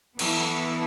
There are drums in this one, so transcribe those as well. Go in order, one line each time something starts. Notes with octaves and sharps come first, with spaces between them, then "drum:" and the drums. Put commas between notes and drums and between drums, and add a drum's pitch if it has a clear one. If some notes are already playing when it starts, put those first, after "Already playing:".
E3 B3 E4 A4, drum: cymbal